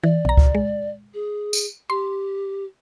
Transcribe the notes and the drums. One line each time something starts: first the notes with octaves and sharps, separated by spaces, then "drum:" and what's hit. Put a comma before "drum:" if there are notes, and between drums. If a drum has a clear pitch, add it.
E3 D5
B1 A#5
drum: kick C#2
G#3
G#4
drum: tambourine
G4 C6